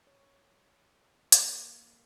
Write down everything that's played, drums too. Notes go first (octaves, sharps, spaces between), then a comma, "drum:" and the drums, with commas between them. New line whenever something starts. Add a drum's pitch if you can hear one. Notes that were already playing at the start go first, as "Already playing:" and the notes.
C#5
A#3, drum: hi-hat